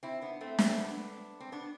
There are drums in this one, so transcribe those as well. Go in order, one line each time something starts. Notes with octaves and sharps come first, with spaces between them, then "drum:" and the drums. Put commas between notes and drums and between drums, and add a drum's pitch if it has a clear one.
C4 E4
B3 D4
A3 C4
A3 C4, drum: snare
B3 D4
C4
B3 D4